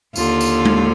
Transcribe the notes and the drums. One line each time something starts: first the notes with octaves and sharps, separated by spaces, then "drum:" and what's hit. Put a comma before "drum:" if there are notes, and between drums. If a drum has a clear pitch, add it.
D#2 D3 F4, drum: tambourine
drum: tambourine
drum: tom G#3